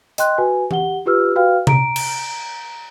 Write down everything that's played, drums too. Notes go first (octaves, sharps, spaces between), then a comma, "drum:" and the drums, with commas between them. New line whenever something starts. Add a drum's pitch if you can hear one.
D#5 G5 C6 F#6, drum: hi-hat
F#4 B4 G#5
G4 F#5 G7, drum: tom E3
F4 G4 B4 E6 F6
F#4 B4 F5 G5 F6
A#5 D7, drum: tom C3
drum: cymbal